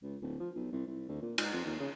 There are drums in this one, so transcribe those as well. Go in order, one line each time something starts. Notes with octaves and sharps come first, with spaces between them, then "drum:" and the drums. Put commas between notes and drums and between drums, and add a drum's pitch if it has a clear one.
C#2
D1
F3
B1
C2
C2
D2
A#2
G#2, drum: cymbal
F2
D#2
C#3